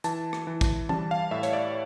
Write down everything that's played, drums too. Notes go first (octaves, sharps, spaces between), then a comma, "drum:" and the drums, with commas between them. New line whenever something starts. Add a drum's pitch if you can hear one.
E3 A5, drum: hi-hat
drum: rim click
E3
drum: kick, hi-hat
G3 A5, drum: tom E3
F5
A2 E5
C#5, drum: hi-hat
D5